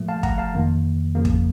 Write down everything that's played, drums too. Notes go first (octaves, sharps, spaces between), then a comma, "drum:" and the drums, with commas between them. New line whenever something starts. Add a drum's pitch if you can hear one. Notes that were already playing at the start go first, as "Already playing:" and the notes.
Already playing: A#2 F3 A3
F5 A5
F#5 A#5, drum: kick
F5 A5
F2 D#3 A#3
F2 C#3 F3 A#3
drum: kick